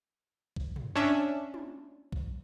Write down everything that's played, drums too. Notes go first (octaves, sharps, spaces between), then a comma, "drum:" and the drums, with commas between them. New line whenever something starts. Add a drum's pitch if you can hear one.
drum: kick B1
drum: tom
C#4 D4 E5
drum: tom
drum: kick B1